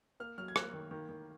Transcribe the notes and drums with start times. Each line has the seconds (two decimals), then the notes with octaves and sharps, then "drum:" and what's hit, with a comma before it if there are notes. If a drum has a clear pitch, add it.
0.20 A#3 F6
0.38 F#3 F6
0.48 G#6
0.56 A#3 F#6, drum: rim click
0.73 D#3
0.91 D#3
1.09 D#3